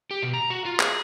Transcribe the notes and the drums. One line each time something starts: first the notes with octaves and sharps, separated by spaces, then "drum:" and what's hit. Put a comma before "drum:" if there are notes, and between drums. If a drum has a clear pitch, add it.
G4
B2
A#5
F#4
F4
G#4, drum: clap